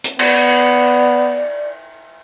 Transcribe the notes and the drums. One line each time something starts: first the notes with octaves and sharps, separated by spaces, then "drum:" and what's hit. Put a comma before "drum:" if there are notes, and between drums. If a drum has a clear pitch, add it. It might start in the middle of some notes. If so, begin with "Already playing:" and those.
drum: hi-hat
B3 D5, drum: cymbal